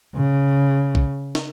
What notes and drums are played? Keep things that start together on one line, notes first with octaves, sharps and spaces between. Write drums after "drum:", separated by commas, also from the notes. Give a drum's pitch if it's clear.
C#3
drum: kick
drum: snare